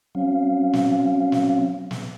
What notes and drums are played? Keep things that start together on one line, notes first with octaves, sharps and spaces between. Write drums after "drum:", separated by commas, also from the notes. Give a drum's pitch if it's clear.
F#3 C4 C#4 F5
drum: snare
drum: snare
drum: snare